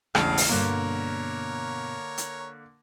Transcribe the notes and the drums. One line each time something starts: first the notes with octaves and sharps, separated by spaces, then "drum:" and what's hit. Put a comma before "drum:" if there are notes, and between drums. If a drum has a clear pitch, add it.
E1 A1 C#3 D4 A4 F5, drum: rim click
drum: open hi-hat
G2 B2 D3 A#3 A#4 C#5
drum: hi-hat